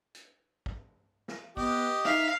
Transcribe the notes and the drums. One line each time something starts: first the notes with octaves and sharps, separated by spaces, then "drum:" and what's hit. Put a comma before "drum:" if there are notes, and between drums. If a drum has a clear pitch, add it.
drum: hi-hat
drum: kick
drum: snare
B3 G4 D#5, drum: kick
D#4 E5 F5, drum: snare